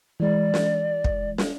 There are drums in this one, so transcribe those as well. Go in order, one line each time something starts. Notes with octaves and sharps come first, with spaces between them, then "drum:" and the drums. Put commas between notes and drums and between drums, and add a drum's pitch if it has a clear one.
E3 G#3 D5
drum: snare
drum: kick
drum: snare